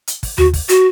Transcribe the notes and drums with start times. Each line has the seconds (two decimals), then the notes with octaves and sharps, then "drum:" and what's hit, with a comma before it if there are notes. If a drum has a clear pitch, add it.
0.07 drum: hi-hat
0.23 drum: kick, open hi-hat
0.38 F#4, drum: tom D#2
0.54 drum: kick, open hi-hat
0.69 F#4, drum: hi-hat